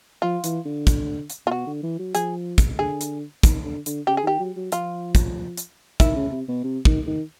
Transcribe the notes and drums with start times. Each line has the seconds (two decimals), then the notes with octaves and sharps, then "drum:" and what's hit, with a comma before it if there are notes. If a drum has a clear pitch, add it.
0.22 F3 F4
0.44 E3, drum: hi-hat
0.65 D3
0.87 drum: kick, hi-hat
1.30 drum: hi-hat
1.46 A#2 F4
1.51 B2 F#4
1.67 D3
1.83 E3
1.99 F#3
2.15 F3 G#4, drum: hi-hat
2.58 drum: kick, hi-hat
2.79 D3 G#4
3.01 drum: hi-hat
3.43 D#3, drum: kick, hi-hat
3.65 D3
3.86 D3, drum: hi-hat
4.07 C#3 G4
4.17 G#4
4.24 D#3 G4
4.39 F#3
4.56 F#3
4.72 F3 F4, drum: hi-hat
5.15 drum: kick, hi-hat
5.57 drum: hi-hat
6.00 D#3 E4, drum: kick, hi-hat
6.16 C#3
6.32 C3
6.48 B2
6.64 C3
6.85 D#3, drum: kick
7.07 D#3